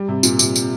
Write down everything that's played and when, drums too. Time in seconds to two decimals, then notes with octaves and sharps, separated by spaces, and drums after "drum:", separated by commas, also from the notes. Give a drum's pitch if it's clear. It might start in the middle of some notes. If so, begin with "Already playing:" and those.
Already playing: G3
0.08 C3
0.23 A#2, drum: tambourine
0.39 C3, drum: tambourine
0.56 drum: tambourine